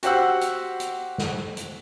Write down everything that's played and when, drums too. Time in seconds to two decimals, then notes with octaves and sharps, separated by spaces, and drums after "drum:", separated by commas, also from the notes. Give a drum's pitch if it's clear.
0.03 F#4 G4 C5 F#5 E6, drum: hi-hat
0.41 drum: hi-hat
0.80 drum: hi-hat
1.18 drum: snare
1.57 drum: hi-hat